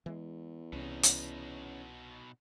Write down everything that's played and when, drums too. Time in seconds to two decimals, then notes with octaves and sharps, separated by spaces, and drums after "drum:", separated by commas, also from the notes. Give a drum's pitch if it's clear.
0.06 E2 E3 G#3
0.73 C2 B2 C#4 D#4
1.03 drum: hi-hat